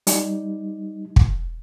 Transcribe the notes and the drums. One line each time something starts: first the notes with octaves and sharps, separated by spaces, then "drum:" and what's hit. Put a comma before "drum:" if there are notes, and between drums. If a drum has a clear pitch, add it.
G3 D#4, drum: hi-hat
drum: kick